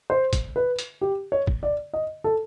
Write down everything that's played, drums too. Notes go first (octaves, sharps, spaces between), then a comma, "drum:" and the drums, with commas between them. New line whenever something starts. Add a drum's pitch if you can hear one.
C5
drum: kick, hi-hat
B4
drum: hi-hat
G4
C#5
drum: kick
D5
D#5
A4